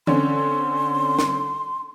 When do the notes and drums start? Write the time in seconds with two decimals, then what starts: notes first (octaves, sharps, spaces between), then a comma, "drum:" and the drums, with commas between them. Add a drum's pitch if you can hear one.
0.07 D3 C4 C#4 C6, drum: tom E3
1.19 drum: snare